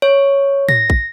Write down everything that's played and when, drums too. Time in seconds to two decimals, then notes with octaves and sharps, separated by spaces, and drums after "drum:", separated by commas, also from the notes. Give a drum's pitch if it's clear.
0.02 C#5
0.69 A#6, drum: tom
0.90 drum: kick